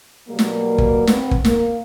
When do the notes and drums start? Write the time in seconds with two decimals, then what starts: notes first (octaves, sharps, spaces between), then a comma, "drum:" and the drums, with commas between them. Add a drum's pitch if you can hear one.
0.28 B2 F#3 G3 A#3
0.39 drum: snare
0.78 drum: kick
1.07 B3 C4, drum: snare
1.31 drum: kick
1.45 A#3, drum: snare